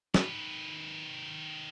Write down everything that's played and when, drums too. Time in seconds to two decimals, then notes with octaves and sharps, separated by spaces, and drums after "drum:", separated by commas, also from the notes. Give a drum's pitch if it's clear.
0.14 D#3 B4, drum: snare